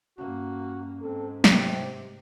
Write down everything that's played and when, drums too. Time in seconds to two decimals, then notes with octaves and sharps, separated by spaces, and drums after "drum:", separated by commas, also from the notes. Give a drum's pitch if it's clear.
0.18 G2 A#3 C#4 F#4
1.01 G#2 C4 A4
1.44 C3 G4, drum: snare